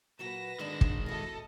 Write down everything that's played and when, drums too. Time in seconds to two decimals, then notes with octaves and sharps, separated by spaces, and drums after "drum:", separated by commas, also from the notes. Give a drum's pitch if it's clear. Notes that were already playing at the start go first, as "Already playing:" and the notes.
0.19 A#2 F#3 F#4 B4 A#6 E7
0.59 D3 D#3 G#3 D4 E7
0.81 drum: kick
1.06 B2 E4 A4 D#5 A#6